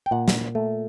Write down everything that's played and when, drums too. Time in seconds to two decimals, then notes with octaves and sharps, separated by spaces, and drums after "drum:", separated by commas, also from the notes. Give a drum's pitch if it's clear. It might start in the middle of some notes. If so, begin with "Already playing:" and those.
0.06 G5
0.11 A#2 F#5
0.28 drum: snare
0.55 A3